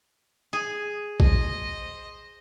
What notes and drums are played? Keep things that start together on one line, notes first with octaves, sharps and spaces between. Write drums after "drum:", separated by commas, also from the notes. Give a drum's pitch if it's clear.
G#4
C5 D#5, drum: kick